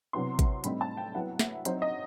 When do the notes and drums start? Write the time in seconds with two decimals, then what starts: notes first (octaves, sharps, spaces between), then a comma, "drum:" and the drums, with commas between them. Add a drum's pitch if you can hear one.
0.13 C3 F#3 B3 E4 C6
0.39 drum: kick G#1, hi-hat
0.64 A2 G3 C4 D#4 B5, drum: hi-hat
0.81 A5
0.97 G5
1.14 F#3 B3 E4 F#5
1.39 E5, drum: snare
1.65 F#3 C4 D#4 C5, drum: hi-hat
1.82 D#5